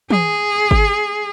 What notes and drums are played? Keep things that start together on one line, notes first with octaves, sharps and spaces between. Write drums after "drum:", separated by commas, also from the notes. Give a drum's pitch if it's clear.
G#4, drum: tom
drum: kick G1